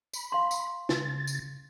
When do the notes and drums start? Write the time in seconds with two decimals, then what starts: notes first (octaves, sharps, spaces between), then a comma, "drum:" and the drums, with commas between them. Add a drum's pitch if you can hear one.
0.13 B5, drum: tambourine
0.32 F5 C6
0.51 drum: tambourine
0.89 C#3 A6, drum: snare
1.27 drum: tambourine